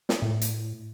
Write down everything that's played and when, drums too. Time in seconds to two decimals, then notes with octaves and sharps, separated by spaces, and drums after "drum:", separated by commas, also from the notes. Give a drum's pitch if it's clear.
0.09 drum: snare
0.22 A2
0.42 drum: hi-hat